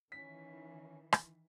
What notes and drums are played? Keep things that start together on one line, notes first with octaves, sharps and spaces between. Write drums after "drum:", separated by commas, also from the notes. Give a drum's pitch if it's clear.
D#3 E3 C#4 B6
drum: rim click